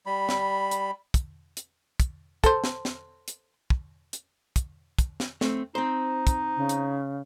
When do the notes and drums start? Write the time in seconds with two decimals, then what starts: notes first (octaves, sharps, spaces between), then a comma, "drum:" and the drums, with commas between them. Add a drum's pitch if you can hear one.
0.06 G3 B5
0.29 drum: snare
0.71 drum: hi-hat
1.14 drum: kick, hi-hat
1.57 drum: hi-hat
2.00 drum: kick, hi-hat
2.44 A4 C5, drum: kick, hi-hat
2.64 drum: snare
2.85 drum: snare
3.28 drum: hi-hat
3.70 drum: kick
4.13 drum: hi-hat
4.56 drum: kick, hi-hat
4.99 drum: kick, hi-hat
5.20 drum: snare
5.41 A3 C4, drum: snare
5.75 C4 D#4 C5
6.27 drum: kick, hi-hat
6.57 C#3
6.69 drum: hi-hat